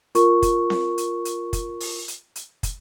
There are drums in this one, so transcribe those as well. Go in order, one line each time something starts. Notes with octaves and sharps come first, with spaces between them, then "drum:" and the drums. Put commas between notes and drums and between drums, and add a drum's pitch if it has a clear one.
F4 A#4 C#6, drum: hi-hat
drum: kick, hi-hat
drum: snare C4
drum: hi-hat
drum: hi-hat
drum: kick, hi-hat
drum: open hi-hat
drum: hi-hat
drum: hi-hat
drum: kick, hi-hat